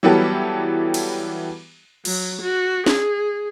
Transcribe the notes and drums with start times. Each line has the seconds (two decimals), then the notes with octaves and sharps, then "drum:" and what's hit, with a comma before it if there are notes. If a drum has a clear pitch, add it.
0.03 E3 F#3 G3 B3 G4 A4
0.94 drum: cymbal
2.05 F#3, drum: cymbal
2.41 F#4
2.86 G#4, drum: snare